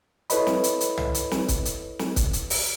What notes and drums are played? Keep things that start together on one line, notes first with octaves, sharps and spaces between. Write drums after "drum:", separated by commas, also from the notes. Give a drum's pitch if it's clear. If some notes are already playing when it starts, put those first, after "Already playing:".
E4 A4 B4 C#5 D#5 B5, drum: hi-hat
drum: snare
drum: hi-hat
drum: hi-hat
drum: tom
drum: hi-hat
drum: snare
drum: kick, hi-hat
drum: hi-hat
drum: snare
drum: kick, hi-hat
drum: hi-hat
drum: open hi-hat